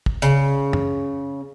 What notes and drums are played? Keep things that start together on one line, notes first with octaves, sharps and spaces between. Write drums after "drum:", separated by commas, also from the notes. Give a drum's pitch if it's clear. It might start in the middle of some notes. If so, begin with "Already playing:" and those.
drum: kick
C#3, drum: hi-hat
drum: tom